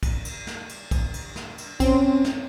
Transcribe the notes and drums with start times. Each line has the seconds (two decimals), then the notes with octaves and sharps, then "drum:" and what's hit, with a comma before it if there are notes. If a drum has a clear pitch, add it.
0.03 drum: kick, cymbal
0.25 drum: cymbal
0.47 drum: snare
0.69 drum: cymbal
0.91 drum: kick, cymbal
1.14 drum: cymbal
1.36 drum: snare
1.58 drum: cymbal
1.80 C4 C#4, drum: kick, cymbal
2.24 drum: snare